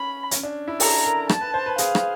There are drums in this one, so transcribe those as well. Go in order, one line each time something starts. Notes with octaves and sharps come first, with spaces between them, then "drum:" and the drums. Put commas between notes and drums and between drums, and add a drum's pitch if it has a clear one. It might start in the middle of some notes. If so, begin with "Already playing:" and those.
Already playing: C#4 B5
C#4, drum: hi-hat
D4
E4
A4 A#5, drum: open hi-hat
A#4
A5, drum: rim click
B4
C5
B4
G#4 F5, drum: hi-hat
drum: rim click